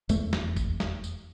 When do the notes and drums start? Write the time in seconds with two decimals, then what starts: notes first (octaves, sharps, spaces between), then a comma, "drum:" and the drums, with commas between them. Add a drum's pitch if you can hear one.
0.09 F1 E2 G#3 A3, drum: tambourine
0.33 drum: snare
0.56 drum: kick G1, tambourine
0.80 drum: snare
1.04 drum: tambourine